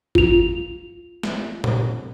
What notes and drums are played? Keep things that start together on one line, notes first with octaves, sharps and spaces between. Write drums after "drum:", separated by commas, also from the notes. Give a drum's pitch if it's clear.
F4 F7, drum: kick F#1
drum: snare
drum: tom A#2